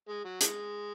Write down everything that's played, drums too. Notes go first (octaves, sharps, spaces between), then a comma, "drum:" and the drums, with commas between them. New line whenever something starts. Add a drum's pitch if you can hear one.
G#3
F#3
E3 G#3, drum: hi-hat